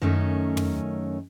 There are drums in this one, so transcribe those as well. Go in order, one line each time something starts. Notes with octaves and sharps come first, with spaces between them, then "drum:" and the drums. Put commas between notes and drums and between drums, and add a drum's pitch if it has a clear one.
F#2 D#3 A3 C#4
drum: tom